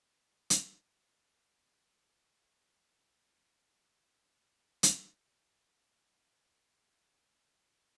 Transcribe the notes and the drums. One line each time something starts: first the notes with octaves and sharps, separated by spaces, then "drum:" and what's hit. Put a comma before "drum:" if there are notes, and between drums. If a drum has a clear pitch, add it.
F4
drum: hi-hat
E1
G#3
F#2
D#3
D#5 G5 D#6 E6 F#6 G#6
drum: hi-hat
G#3 C#4 E4 A4 D#5 G#5